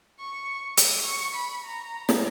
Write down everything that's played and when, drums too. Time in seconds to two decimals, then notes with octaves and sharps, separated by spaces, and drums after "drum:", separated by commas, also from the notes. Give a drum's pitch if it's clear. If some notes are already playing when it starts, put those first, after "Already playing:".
0.20 C#6
0.78 D#6, drum: hi-hat
1.06 C#6
1.35 B5
1.64 A#5
2.09 drum: snare